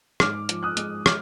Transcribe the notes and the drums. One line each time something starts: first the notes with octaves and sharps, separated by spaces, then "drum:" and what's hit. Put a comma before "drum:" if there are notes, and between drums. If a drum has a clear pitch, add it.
G#2 D6 F6, drum: rim click
F3, drum: hi-hat
D#6 F#6
G#3, drum: hi-hat
D6 F6, drum: rim click